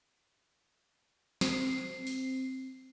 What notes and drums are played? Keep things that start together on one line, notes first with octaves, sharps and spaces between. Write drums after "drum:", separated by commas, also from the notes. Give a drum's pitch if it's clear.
C4 C7, drum: snare
drum: open hi-hat